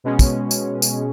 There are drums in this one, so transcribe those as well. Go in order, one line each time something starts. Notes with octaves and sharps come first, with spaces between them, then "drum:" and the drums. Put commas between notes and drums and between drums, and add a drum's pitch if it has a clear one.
B2 G#3 C#4
drum: kick, tambourine
drum: tambourine
drum: tambourine